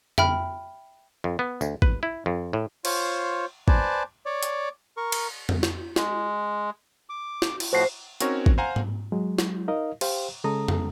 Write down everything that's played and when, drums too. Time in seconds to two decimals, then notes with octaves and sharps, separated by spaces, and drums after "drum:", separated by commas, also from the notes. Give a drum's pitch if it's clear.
0.18 E5 G5 B5 F6, drum: tom F2
1.24 F2
1.39 B3
1.61 D2, drum: tambourine
1.82 B4, drum: kick
2.03 E4
2.26 F2
2.53 A2
2.85 F4 C5 C#5, drum: cymbal
3.68 B4 C5 D5 G#5 A5, drum: kick
4.26 C#5 D5
4.43 drum: hi-hat
4.97 A#4 C#6
5.12 drum: cymbal
5.49 drum: tom F2
5.63 drum: snare
5.96 G#3, drum: snare
7.09 D6
7.42 drum: snare
7.60 drum: cymbal
7.73 A2 F3 F#4 C5 C7
8.20 C4 C#4 D#4 F#4 A#4 C#5, drum: hi-hat
8.46 drum: kick
8.58 C5 F5 F#5 G#5 A#5
8.76 drum: tom G#2
9.12 F#3 G#3
9.38 drum: snare
9.68 D#4 A#4 D#5 F5
10.01 G4 C5 F5 G5, drum: cymbal
10.44 C#3 G#3 C#4 A4 A#5 D#6
10.68 drum: tom F2